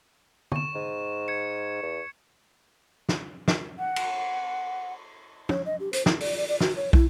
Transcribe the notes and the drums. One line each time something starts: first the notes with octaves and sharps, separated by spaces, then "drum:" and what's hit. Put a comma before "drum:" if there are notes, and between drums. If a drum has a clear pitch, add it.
C#6 E7, drum: tom
G#2
G#6 C#7
E2
drum: snare
drum: snare
F#5
drum: cymbal
C#5, drum: tom
D#5
G4
C5, drum: hi-hat
E4, drum: snare
D5, drum: open hi-hat
D5
D5
F#4, drum: snare
C#5
E4, drum: kick